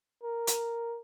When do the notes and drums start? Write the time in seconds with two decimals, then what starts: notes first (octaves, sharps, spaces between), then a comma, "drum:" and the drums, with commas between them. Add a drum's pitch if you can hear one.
0.23 A#4
0.47 drum: hi-hat